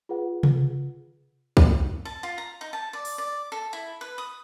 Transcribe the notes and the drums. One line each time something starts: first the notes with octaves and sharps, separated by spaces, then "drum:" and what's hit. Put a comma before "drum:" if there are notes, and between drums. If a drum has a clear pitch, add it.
F4 G#4 B4 F#5
drum: tom C3
drum: kick
A5
F4
A#5
D#4
A5
D5
drum: open hi-hat
D5
A4
E4
B4
D#6